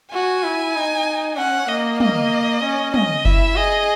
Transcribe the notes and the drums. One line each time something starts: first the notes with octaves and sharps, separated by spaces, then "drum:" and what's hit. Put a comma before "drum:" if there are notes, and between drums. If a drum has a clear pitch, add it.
F#4 G#5
E4
D#4
C#4 F#5
A#3 D#5
D#5, drum: tom
C#4
D#5, drum: tom
E4 E5, drum: kick F#1
G#4 D#5